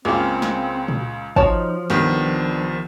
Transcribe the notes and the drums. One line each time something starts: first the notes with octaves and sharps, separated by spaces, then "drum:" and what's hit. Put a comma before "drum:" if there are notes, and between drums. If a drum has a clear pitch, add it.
C#2 C#3 A#3 C4 F4 G#4
drum: snare
drum: tom A#2
F3 D#4 F#4 C#5 A5, drum: kick
C2 D#3 B3 D4, drum: snare